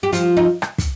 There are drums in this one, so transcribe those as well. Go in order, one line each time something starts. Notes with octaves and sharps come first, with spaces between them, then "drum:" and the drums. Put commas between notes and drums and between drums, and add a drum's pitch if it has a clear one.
G4
F3 F4, drum: hi-hat
D#4
drum: rim click
drum: kick, hi-hat